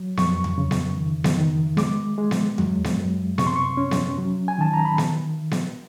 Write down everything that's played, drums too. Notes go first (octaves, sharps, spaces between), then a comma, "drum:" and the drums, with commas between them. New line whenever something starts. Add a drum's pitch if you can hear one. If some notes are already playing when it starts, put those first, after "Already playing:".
Already playing: F#3
F2 C#6, drum: snare B3
drum: tom E2
C#3
drum: snare B3
D#3
drum: snare B3
D#3
G#3 D6, drum: snare B3
G#3
drum: snare B3
F#3, drum: tom E2
drum: snare B3
F#2
C3 C#6, drum: snare B3
C6
C#6
C#4
drum: snare B3
F#3
G#5
D#3 A5
A#5
B5
drum: snare B3
drum: snare B3